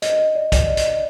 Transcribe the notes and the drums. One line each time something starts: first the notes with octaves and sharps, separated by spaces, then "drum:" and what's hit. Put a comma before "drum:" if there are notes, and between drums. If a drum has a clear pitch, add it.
D#5, drum: hi-hat
D#5
D5
D5, drum: kick, hi-hat
D#5
D#5, drum: hi-hat
D#5